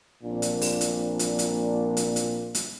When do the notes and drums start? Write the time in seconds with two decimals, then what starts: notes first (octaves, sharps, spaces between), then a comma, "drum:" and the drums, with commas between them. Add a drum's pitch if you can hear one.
0.23 A#1 A#2 C4 D4
0.42 drum: hi-hat
0.61 drum: open hi-hat
0.81 drum: hi-hat
1.19 drum: hi-hat
1.39 drum: hi-hat
1.97 drum: hi-hat
2.16 drum: hi-hat
2.55 drum: hi-hat